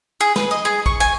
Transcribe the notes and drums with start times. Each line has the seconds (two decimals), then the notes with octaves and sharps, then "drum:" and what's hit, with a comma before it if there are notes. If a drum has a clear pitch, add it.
0.21 G#4
0.36 B4, drum: snare
0.51 D#5
0.65 G#4
0.86 C#6, drum: kick
1.00 G#5